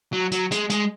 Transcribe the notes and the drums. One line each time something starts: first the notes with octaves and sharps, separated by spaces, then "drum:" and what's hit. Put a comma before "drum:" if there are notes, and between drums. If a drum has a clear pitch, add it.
F#3
F#3, drum: hi-hat
G#3, drum: hi-hat
G#3, drum: hi-hat